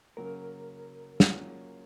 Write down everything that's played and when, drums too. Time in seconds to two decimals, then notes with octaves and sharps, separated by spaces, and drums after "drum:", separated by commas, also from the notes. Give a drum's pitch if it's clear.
0.17 C#3 F#3 A#3 C#4 A#4
1.20 F#3 A#3 C#4 F4 G#4, drum: snare